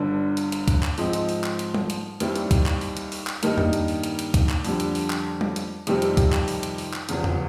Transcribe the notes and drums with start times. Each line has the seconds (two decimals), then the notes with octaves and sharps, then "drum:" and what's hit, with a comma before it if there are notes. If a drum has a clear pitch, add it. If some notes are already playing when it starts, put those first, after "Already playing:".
Already playing: G1 G2 D3
0.37 drum: hi-hat
0.52 drum: hi-hat
0.68 drum: kick, hi-hat
0.83 drum: clap
0.98 G#2 F3 G#3 C4 D#4, drum: open hi-hat
1.13 drum: hi-hat
1.29 drum: open hi-hat
1.44 drum: clap
1.59 drum: hi-hat
1.74 drum: tom G3
1.90 drum: hi-hat
2.20 D#2 D#3 G3 C4 E4, drum: hi-hat
2.36 drum: hi-hat
2.51 drum: kick, hi-hat
2.66 drum: clap
2.81 drum: open hi-hat
2.97 drum: hi-hat
3.12 drum: open hi-hat
3.27 drum: clap
3.43 G2 D#3 G3 A#3 D#4, drum: hi-hat
3.58 drum: tom E2
3.73 drum: hi-hat
3.88 drum: open hi-hat
4.04 drum: hi-hat
4.19 drum: hi-hat
4.34 drum: kick, hi-hat
4.49 drum: clap
4.65 F2 D3 G3, drum: open hi-hat
4.80 drum: hi-hat
4.95 drum: open hi-hat
5.10 drum: clap
5.41 drum: tom G3
5.56 drum: hi-hat
5.87 F2 C3 D#3 G3 C4, drum: hi-hat
6.02 drum: hi-hat
6.17 drum: kick, hi-hat
6.33 drum: clap
6.48 drum: open hi-hat
6.63 drum: hi-hat
6.78 drum: open hi-hat
6.94 drum: clap
7.09 F1 E2 C#3, drum: hi-hat
7.24 drum: tom E2